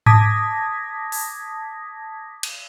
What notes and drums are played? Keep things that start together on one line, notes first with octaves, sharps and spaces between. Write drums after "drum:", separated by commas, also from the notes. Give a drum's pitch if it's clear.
A5 D6 D#6 G#6 A#6 B6, drum: tom G#2
drum: open hi-hat
drum: cymbal